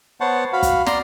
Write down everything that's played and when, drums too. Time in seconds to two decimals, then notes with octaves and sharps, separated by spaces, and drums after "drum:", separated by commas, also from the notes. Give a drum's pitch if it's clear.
0.21 B3 C5 C#5 F#5 A5
0.53 F#4 F5 B5
0.63 drum: kick, hi-hat
0.86 D5 A#5 C6, drum: snare